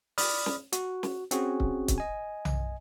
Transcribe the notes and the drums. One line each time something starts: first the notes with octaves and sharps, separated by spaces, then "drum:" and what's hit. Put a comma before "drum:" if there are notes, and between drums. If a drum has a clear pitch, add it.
D5 B5 D#6 F6, drum: open hi-hat
drum: snare
F#4, drum: hi-hat
drum: snare
C4 C#4 F#4 G#4, drum: hi-hat
drum: kick C#1
drum: kick C#1, hi-hat
D#5 G#5
drum: tom B1